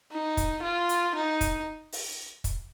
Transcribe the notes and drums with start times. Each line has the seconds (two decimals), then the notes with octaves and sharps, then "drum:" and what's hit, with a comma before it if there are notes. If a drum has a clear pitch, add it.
0.12 D#4
0.37 drum: kick, hi-hat
0.63 F4
0.89 drum: hi-hat
1.15 D#4
1.41 drum: kick, hi-hat
1.92 drum: open hi-hat
2.44 drum: kick, hi-hat